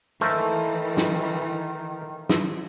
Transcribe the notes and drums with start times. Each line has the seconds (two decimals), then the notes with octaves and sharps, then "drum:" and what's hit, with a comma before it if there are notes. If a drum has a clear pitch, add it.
0.21 D#3 E3 A3 A#3 D#4 A4 A#4 C5
0.97 drum: snare
2.29 drum: snare